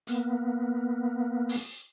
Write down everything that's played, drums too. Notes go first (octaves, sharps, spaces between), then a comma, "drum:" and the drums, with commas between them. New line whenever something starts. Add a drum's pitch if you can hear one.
A#3 B3, drum: hi-hat
drum: open hi-hat